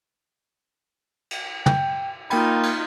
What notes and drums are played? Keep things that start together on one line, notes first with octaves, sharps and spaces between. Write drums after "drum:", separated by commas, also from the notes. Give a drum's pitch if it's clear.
drum: cymbal
G5, drum: tom
A#3 D#4 F4 G5 B5, drum: cymbal
drum: cymbal